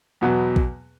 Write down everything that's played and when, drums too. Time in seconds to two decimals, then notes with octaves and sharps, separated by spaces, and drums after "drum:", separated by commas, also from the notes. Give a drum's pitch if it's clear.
0.21 E2 B2 F#3 B3
0.56 drum: kick A#1